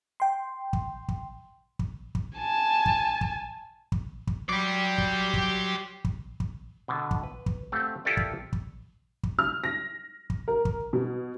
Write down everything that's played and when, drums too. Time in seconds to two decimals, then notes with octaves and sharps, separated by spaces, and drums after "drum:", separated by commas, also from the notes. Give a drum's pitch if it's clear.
0.20 G5 C6
0.73 drum: kick
1.08 drum: kick
1.79 drum: kick
2.15 drum: kick
2.38 G#5 A5
2.86 drum: kick
3.21 drum: kick
3.92 drum: kick
4.27 drum: kick
4.49 F#3 G4 D5 C6
4.98 drum: kick
5.34 drum: kick
6.05 drum: kick
6.40 drum: kick
6.88 B2 D3
7.11 drum: kick
7.23 B4
7.46 drum: kick
7.72 A3 C4 G4 F5 F#5
8.05 E4 F4 G4 A4 A#4 D5
8.17 drum: kick
8.53 drum: kick
9.23 drum: kick
9.39 F6
9.64 A#6
10.30 drum: kick
10.48 A#4
10.65 drum: kick
10.93 B2